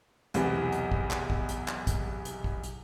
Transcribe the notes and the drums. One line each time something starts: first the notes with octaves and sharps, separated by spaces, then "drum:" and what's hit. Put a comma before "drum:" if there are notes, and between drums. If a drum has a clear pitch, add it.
B1 E2 C3 E3, drum: hi-hat
drum: hi-hat
drum: kick
drum: clap
drum: kick
drum: hi-hat
drum: clap
drum: kick, hi-hat
drum: hi-hat
drum: kick
drum: hi-hat